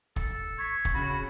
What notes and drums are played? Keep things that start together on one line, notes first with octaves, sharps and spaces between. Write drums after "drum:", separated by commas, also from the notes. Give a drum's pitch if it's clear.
A4, drum: kick
C#6 G#6 B6
drum: kick
C#3 F#4 B5